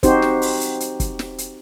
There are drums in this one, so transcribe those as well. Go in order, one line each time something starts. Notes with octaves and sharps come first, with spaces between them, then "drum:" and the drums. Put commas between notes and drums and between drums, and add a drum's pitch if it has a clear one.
C4 D#4 F#4 G4 C5, drum: kick, hi-hat
drum: snare
drum: open hi-hat
drum: hi-hat
drum: hi-hat
drum: kick, hi-hat
drum: snare
drum: hi-hat